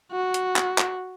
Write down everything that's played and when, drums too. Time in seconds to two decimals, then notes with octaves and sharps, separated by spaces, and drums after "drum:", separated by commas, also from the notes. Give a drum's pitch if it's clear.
0.12 F#4
0.34 drum: hi-hat
0.56 drum: clap
0.78 drum: clap